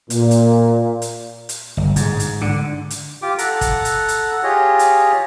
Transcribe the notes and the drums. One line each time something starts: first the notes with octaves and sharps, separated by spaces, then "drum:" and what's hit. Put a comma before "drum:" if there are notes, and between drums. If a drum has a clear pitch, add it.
A#2, drum: hi-hat
drum: hi-hat
drum: hi-hat
drum: hi-hat
G1
G#2, drum: hi-hat
drum: hi-hat
D3
drum: hi-hat
F4 G4 D6
A4 F#5 A#5, drum: hi-hat
drum: kick, hi-hat
drum: hi-hat
drum: hi-hat
F4 G4 G#4 C#5 D#5
drum: hi-hat